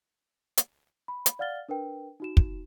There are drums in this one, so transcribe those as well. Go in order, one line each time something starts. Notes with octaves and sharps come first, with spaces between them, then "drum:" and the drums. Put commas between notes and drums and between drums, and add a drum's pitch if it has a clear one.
drum: hi-hat
B5
drum: hi-hat
D5 F5 F#5 F6 A6 G7
D4 A#4 B4 G5
D#4 F#4 E7
drum: kick